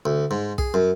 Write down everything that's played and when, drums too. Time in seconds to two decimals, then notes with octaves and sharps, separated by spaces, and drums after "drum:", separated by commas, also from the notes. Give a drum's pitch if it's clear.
0.06 D2
0.31 G#2
0.58 G#4, drum: kick
0.74 F#2